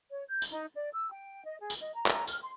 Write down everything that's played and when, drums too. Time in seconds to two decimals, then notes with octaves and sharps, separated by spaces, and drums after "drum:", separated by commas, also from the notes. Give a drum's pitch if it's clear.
0.11 C#5
0.28 G6
0.42 drum: tambourine
0.51 D#4
0.74 D5
0.92 E6
1.11 G5
1.45 D#5
1.60 G#4
1.70 drum: tambourine
1.81 D#5
1.95 A#5
2.06 drum: clap
2.27 F6, drum: tambourine
2.43 C6